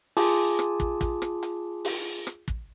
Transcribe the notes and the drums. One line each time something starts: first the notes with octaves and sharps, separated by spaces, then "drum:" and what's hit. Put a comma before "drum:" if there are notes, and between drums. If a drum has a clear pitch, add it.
F4 G#4 G#5 A5 D6, drum: open hi-hat
drum: rim click
drum: kick
drum: kick, hi-hat
drum: rim click
drum: hi-hat
drum: open hi-hat
drum: rim click
drum: kick